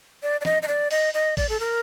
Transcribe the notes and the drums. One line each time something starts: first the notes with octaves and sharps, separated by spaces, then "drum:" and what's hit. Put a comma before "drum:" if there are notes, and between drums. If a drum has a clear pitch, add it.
D5
D5
D#5, drum: snare
D#5
D5
D#5, drum: open hi-hat
D#5
D5, drum: kick, open hi-hat
A4
A#4